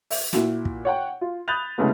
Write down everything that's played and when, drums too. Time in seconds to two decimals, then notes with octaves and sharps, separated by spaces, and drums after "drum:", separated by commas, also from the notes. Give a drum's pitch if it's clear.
0.11 E5, drum: open hi-hat
0.33 A#2 E4 F#4, drum: snare
0.65 drum: kick
0.85 C#5 F#5 G5
1.21 F4
1.48 B5 D#6 F#6 G6 A6 F7
1.78 C2 C#3 G#3 A3 B3